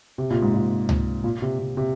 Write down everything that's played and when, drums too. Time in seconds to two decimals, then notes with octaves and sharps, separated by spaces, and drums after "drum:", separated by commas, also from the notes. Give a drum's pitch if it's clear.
0.18 C3
0.30 A#2
0.42 G#2
0.54 A#2
0.89 drum: tom C#2
1.24 A#2
1.42 C3
1.59 C3
1.77 C3